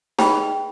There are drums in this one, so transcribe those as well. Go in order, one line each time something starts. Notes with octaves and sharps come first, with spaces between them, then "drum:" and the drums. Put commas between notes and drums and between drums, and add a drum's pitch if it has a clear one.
G#4 G5 B5, drum: snare D#4
B4